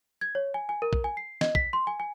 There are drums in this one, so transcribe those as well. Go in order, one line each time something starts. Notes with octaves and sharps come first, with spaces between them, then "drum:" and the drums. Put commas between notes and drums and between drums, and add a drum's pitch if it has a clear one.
G#6
C#5
G#5
G#5
A#4
drum: kick A#1
G#5
C7
D#5, drum: snare
B6, drum: kick A#1
C6
G#5
G#5